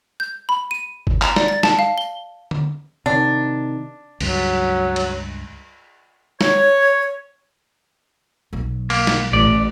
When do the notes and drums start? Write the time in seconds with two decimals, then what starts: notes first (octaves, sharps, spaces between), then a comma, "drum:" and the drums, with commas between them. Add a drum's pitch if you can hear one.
0.20 G6
0.49 B5
0.71 D#7
1.07 drum: kick G1
1.22 A#5, drum: clap
1.36 D5, drum: snare
1.48 A6
1.63 A5, drum: snare
1.79 F5
1.98 G7
2.51 drum: tom D3
3.06 C3 D#3 D4
4.21 C#2 G2 F#3, drum: cymbal
4.96 drum: cymbal
6.41 C#5, drum: snare
8.53 B1 F#3
8.90 A#3, drum: cymbal
9.07 drum: snare
9.33 A1 D5